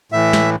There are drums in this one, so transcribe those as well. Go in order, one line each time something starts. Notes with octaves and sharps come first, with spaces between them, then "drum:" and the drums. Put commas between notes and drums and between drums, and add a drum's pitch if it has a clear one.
A2 E3 E5
drum: snare